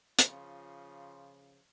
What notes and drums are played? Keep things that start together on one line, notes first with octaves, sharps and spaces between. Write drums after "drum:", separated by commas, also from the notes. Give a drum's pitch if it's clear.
C#3 F3 F4, drum: hi-hat